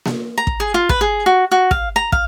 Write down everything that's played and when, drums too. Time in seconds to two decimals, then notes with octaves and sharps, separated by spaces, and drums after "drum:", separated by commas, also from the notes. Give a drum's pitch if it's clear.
0.06 drum: snare A#3
0.38 A#5
0.47 drum: kick
0.60 G#4
0.74 F4
0.89 B4, drum: kick
1.01 G#4
1.26 F#4
1.51 F#4
1.71 F5, drum: kick
1.96 A#5
2.12 F5, drum: kick